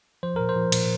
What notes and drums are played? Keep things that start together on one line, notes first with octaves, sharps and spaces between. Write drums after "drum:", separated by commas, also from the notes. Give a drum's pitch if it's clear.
F3 C5
A#2 A#4
C5
F3
A#2, drum: cymbal